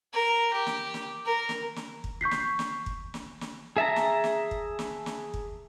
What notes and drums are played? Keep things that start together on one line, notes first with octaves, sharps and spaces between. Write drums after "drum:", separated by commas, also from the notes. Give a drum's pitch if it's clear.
A#4
G4
drum: snare
drum: snare
A#4
drum: snare
drum: snare
drum: kick
C#6 G6 B6 C7
drum: snare
drum: snare
drum: kick
drum: snare
drum: snare
G#4 E5 A5 A#5
drum: snare
drum: snare
drum: kick
drum: snare
drum: snare
drum: kick